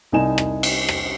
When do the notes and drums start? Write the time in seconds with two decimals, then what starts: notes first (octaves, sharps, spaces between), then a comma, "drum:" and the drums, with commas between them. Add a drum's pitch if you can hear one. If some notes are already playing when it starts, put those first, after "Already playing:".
0.12 C2 D#4 G#5 E7
0.38 drum: rim click
0.63 drum: cymbal
0.89 drum: rim click